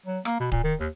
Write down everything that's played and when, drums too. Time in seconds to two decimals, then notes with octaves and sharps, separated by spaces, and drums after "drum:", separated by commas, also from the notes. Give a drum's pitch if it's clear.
0.06 F#3
0.25 A#3, drum: rim click
0.40 B2
0.52 A#2, drum: kick D1
0.64 D#3
0.80 D#2